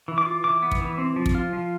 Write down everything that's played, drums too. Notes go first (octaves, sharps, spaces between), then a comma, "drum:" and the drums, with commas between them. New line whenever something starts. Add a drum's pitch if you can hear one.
E3
D6
F4
E3 D6
B3
drum: kick
E3
C4
F3
drum: kick
F4
F3